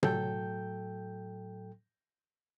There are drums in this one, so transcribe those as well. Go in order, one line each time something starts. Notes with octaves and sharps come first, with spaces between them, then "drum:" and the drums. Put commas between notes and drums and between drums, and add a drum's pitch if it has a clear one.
A2 F#3 A4 G5 G6, drum: tom